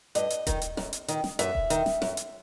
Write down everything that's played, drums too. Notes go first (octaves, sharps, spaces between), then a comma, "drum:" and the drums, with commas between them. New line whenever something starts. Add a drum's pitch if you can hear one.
G2 D#5, drum: hi-hat
drum: hi-hat
D#3, drum: kick D#1, hi-hat
drum: hi-hat
F#2, drum: snare
drum: hi-hat
D#3, drum: hi-hat
drum: snare
F#2 E5, drum: hi-hat
drum: kick D#1
D#3, drum: hi-hat
drum: snare
F#2, drum: snare
drum: hi-hat